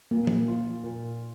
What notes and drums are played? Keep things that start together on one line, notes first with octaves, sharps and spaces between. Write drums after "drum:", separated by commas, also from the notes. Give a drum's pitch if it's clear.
A#2 A#3
drum: tom
F4
A#2